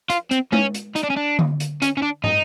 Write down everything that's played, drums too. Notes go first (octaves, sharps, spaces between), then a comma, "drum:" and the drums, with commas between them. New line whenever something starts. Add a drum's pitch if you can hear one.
F4, drum: hi-hat
C4, drum: hi-hat
C#4, drum: tom G#3
drum: hi-hat
D#4, drum: hi-hat
D4
C#4
D4
drum: tom D3
drum: hi-hat
C#4, drum: hi-hat
C#4
D4
D#4, drum: tom